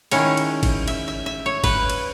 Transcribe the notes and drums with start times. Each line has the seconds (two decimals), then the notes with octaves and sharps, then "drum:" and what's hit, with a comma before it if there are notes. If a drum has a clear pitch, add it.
0.11 D#3 G#3 C#4 E4 C#5, drum: cymbal
0.37 drum: cymbal
0.63 drum: kick G#1, cymbal
0.88 E5, drum: cymbal
1.08 E5
1.26 E5
1.46 C#5
1.64 B4, drum: kick G#1, cymbal
1.90 drum: cymbal